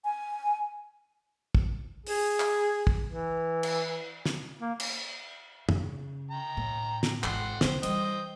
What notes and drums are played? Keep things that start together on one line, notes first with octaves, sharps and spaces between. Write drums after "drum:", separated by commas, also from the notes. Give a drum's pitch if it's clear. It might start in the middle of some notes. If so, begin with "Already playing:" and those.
G#5
drum: kick
G#4, drum: open hi-hat
drum: clap
drum: kick
E3
drum: cymbal
drum: snare
A#3
drum: cymbal
C#3, drum: tom
G5 A#5
A2
drum: snare
G#1 E3 F#5 G5 C6, drum: clap
D3 D#3 C5, drum: snare
E3 G3 C5 D#5 G5, drum: hi-hat